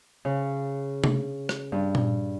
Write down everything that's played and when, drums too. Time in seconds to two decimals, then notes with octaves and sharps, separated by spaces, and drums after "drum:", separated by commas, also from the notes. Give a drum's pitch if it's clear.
0.25 C#3
1.04 drum: tom C3
1.49 drum: rim click
1.72 G2
1.95 drum: tom A#2